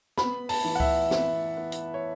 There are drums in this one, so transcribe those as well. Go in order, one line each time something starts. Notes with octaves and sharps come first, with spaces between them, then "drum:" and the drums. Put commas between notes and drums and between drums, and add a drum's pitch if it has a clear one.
B3 B5, drum: snare
A5, drum: open hi-hat
E3
F#5
E5, drum: kick C#2
E3, drum: snare
B3
drum: hi-hat
C#5